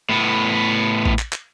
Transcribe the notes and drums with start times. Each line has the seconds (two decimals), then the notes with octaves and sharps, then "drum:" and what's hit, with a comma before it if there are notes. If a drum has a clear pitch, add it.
0.10 A2 B3
1.05 drum: kick A1
1.19 drum: clap
1.33 drum: clap